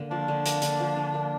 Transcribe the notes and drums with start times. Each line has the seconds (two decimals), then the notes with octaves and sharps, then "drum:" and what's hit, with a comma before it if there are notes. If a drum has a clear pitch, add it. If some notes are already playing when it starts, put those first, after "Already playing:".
Already playing: D3 A#3
0.11 F3 D4
0.28 D3
0.46 A#3, drum: hi-hat
0.62 D3, drum: hi-hat
0.80 F3
0.97 D3
1.14 A#3